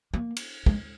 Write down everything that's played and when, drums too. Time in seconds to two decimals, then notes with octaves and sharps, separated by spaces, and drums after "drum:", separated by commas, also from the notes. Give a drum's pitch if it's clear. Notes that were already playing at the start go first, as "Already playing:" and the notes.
0.14 A#3
0.37 drum: cymbal
0.66 G#3, drum: kick